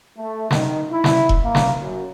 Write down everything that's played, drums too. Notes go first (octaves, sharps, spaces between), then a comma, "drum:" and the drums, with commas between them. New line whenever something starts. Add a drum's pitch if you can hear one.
A3
D#3, drum: snare
E4
drum: snare
drum: kick E1
A#3
drum: snare
F#2